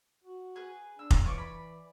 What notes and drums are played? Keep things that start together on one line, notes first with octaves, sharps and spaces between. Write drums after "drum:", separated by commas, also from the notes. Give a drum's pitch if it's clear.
F#4
G#4 B4
D4 E6
drum: kick F1
E3 F4 C#5 D6
D5 B5